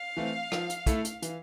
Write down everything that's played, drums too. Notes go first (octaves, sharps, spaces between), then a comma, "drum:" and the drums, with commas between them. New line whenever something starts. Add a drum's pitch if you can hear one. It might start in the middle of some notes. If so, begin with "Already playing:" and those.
Already playing: F5
E3 A3 C4
F3, drum: rim click
drum: hi-hat
A3 E4 A4, drum: kick, hi-hat
drum: hi-hat
E3, drum: hi-hat